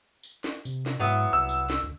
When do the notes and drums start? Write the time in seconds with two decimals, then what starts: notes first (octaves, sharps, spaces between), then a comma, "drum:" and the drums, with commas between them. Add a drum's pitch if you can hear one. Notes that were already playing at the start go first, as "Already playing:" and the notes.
0.23 drum: tambourine
0.44 drum: snare
0.65 C3, drum: tambourine
0.86 drum: snare
1.00 G#2 F#3 B3 E4
1.33 C2 E6
1.49 drum: tambourine
1.70 drum: snare
1.83 D2